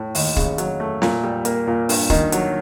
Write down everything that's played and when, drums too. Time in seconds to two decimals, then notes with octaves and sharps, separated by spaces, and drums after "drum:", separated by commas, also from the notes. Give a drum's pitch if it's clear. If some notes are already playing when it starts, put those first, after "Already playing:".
Already playing: A2
0.15 D#2, drum: open hi-hat
0.36 C#3, drum: kick
0.58 F#3, drum: hi-hat
0.80 A3
1.02 A#2, drum: snare
1.23 G3
1.45 A#3, drum: hi-hat
1.67 A#2
1.89 G2, drum: open hi-hat
2.10 D#3, drum: kick
2.32 F#3, drum: hi-hat